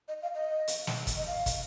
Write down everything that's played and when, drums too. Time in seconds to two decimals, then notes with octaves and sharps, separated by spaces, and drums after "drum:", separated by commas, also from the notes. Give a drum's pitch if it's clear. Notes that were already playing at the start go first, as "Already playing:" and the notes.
0.08 D#5
0.22 F5
0.34 D#5
0.68 drum: hi-hat
0.87 drum: snare
1.07 drum: kick, hi-hat
1.17 D#5
1.27 F5
1.46 drum: kick, hi-hat